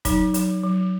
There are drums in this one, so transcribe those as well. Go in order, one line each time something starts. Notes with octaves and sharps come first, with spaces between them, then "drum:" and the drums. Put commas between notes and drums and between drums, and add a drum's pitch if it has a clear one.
F#3 D#4, drum: kick F1, hi-hat
F#3, drum: hi-hat
F#3